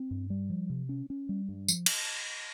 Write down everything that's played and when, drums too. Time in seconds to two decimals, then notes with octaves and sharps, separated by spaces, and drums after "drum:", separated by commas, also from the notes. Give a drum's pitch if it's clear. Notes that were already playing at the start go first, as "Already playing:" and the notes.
Already playing: C4
0.11 G2
0.30 G3
0.50 F3
0.70 C3
0.89 C#4
1.10 C#4
1.29 G3
1.49 G2
1.68 F3, drum: tambourine
1.86 drum: cymbal